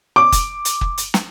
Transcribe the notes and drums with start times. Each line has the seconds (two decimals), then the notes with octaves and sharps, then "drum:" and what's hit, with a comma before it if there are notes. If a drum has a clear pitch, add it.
0.16 D6
0.32 drum: kick, hi-hat
0.65 drum: hi-hat
0.81 drum: kick
0.98 drum: hi-hat
1.14 drum: snare